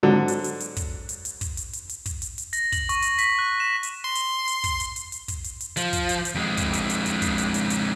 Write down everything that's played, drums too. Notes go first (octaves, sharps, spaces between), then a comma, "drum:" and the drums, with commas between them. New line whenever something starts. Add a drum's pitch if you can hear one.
G#2 D3 F#3
drum: hi-hat
drum: hi-hat
drum: hi-hat
drum: kick, hi-hat
drum: hi-hat
drum: hi-hat
drum: kick, hi-hat
drum: hi-hat
drum: hi-hat
drum: hi-hat
drum: kick, hi-hat
drum: hi-hat
drum: hi-hat
A#6, drum: hi-hat
F#7, drum: kick, hi-hat
C#6, drum: hi-hat
drum: hi-hat
B6, drum: hi-hat
F#6
E7
drum: hi-hat
C6
drum: hi-hat
drum: hi-hat
drum: kick, hi-hat
drum: hi-hat
drum: hi-hat
drum: hi-hat
drum: kick, hi-hat
drum: hi-hat
drum: hi-hat
F3, drum: hi-hat
drum: kick, hi-hat
drum: hi-hat
drum: hi-hat
F2 G#3
drum: kick, hi-hat
drum: hi-hat
drum: hi-hat
drum: hi-hat
drum: kick, hi-hat
drum: hi-hat
drum: hi-hat
drum: hi-hat